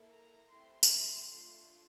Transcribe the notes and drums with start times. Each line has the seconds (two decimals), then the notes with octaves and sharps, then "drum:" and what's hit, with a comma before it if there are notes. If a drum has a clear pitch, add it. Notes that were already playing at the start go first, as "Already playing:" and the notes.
Already playing: A#3 E4 A4
0.11 A#5
0.50 A3 C4 E4 G4 C6
0.83 drum: tambourine
1.30 A3 D4 F4 A4